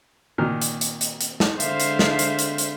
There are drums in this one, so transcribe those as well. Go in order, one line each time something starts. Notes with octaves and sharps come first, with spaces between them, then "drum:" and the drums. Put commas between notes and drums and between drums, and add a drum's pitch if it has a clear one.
A#2 D#3 F6
drum: hi-hat
drum: hi-hat
drum: hi-hat
drum: hi-hat
drum: snare
D3 G#3 C5 E5 F5, drum: hi-hat
drum: hi-hat
drum: snare
drum: hi-hat
drum: hi-hat
drum: hi-hat